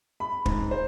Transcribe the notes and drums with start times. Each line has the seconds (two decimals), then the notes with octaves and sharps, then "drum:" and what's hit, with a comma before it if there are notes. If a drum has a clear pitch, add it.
0.20 B5
0.46 G#2, drum: kick
0.71 C5